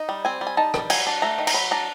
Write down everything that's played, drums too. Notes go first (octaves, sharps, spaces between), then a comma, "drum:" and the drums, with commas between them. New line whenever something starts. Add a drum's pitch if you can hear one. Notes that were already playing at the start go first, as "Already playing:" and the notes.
Already playing: D#4
G3
C4 G#5
G3
G#5
D#4 A5
G3, drum: rim click
F#3 G#5, drum: cymbal
D4
A3 A#5
D#3
A#5, drum: cymbal
F#3 B5
D4 A#5